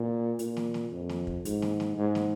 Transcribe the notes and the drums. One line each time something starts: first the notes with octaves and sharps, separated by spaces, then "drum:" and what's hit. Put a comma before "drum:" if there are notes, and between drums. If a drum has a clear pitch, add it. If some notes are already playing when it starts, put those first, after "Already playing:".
Already playing: A#2
A#2, drum: hi-hat
drum: snare
drum: snare
F2
drum: snare
drum: kick
G#2, drum: hi-hat
drum: snare
drum: snare
G#2
drum: snare